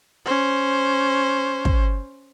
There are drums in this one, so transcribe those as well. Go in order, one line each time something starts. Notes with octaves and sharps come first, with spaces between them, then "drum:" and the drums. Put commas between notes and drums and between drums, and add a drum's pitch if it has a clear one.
C#4 C5
drum: kick